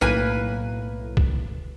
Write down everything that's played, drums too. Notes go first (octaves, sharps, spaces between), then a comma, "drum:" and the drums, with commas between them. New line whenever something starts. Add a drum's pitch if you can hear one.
B1 A2 A#3 B4 G#5
drum: kick